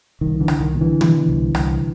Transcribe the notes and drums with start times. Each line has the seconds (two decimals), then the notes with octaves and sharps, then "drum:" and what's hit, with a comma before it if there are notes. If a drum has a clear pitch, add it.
0.21 C2 D#3
0.40 D3 E3
0.48 C2, drum: rim click
0.61 D#3
0.74 B2
0.81 D3 E3
1.01 B2, drum: tom
1.28 C2
1.55 C2, drum: rim click